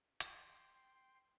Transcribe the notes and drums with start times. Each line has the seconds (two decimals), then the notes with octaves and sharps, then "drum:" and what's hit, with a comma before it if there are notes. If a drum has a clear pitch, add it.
0.21 G5 C6, drum: hi-hat